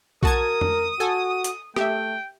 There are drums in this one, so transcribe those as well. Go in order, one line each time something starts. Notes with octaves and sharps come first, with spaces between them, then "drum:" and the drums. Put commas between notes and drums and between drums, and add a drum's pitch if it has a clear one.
F#4 A#4 A5 D#6 G#6, drum: kick B1
drum: tom F2
F#4 A4 G#5
drum: hi-hat
A3 G4 E5 G5, drum: rim click